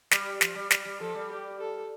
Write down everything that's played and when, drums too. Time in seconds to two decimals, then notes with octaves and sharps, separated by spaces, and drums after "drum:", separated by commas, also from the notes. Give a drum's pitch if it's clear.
0.11 G3, drum: snare
0.41 F3, drum: snare
0.56 G3
0.71 G3, drum: snare
0.85 G3
1.00 F3 A4
1.15 G3
1.31 G4
1.60 A4